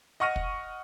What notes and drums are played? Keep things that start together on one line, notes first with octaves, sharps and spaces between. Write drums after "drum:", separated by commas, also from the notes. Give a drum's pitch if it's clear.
D#5 F#5 C#6 F6 A#6 D#7
drum: kick